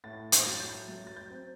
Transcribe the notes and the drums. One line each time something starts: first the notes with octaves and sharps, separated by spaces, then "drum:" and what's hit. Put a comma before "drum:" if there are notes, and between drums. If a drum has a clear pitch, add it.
A2 A6
G6, drum: hi-hat
F#3 A6
G6
F#3 A6
A6
G6
C4